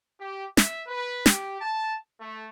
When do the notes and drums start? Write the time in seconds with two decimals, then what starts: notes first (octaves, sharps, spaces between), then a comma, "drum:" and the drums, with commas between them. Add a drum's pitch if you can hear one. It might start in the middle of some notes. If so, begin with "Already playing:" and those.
0.18 G4
0.57 E5, drum: snare
0.87 B4
1.26 G4, drum: snare
1.60 A5
2.18 A3